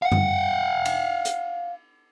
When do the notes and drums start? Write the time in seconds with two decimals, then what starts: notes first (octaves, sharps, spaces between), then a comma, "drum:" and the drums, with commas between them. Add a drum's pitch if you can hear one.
0.02 F5 F#5
0.12 drum: tom
0.85 drum: cymbal
1.25 drum: hi-hat